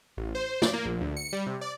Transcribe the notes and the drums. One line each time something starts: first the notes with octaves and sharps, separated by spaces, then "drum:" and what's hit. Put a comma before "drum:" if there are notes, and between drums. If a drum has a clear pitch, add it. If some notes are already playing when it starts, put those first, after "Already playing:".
A1
C5
D5, drum: snare
A#3
A#1
D2
C#7
G3
C3
D5